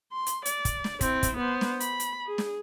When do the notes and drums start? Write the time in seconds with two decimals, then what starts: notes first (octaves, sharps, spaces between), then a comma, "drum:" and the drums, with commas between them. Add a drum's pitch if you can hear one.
0.12 C6
0.26 drum: hi-hat
0.46 D5, drum: hi-hat
0.65 drum: kick, hi-hat
0.84 drum: snare
1.01 C4 E4, drum: kick, hi-hat
1.23 drum: kick, hi-hat
1.37 B3 C5
1.61 drum: snare
1.80 B5, drum: hi-hat
2.00 drum: hi-hat
2.26 G#4
2.38 drum: snare